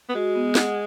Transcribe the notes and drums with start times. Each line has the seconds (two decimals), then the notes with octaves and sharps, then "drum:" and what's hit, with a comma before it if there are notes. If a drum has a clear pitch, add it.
0.09 B3
0.15 G#3 F#4
0.35 B3
0.55 F#5, drum: snare